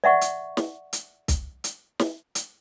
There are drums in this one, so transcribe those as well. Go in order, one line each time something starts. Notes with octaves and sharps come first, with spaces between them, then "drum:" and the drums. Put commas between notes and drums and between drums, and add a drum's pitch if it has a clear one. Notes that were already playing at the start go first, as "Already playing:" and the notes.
D5 E5 F#5 C#6
drum: hi-hat
drum: snare
drum: hi-hat
drum: kick, hi-hat
drum: hi-hat
drum: snare
drum: hi-hat